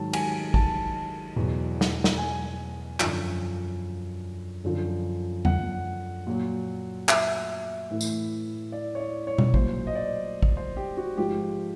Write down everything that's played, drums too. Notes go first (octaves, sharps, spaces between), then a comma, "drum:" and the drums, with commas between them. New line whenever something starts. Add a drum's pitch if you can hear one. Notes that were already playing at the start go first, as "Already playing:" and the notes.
Already playing: G#2 D#3 F#3 A5
G#5, drum: cymbal
A5, drum: kick
E2 B2 F#3
drum: snare
drum: snare
G#5
F#2 D3 F3, drum: clap
F#2 D3 F3
F#5, drum: tom E2
A#2 F#3
E5, drum: clap
A2 E3
drum: tambourine
D5
C#5
D5
C#5
drum: tom B2
A#2 F#3 C5, drum: kick
D#5
D5
drum: kick
C5
G4
F#4
G#2 F3 G4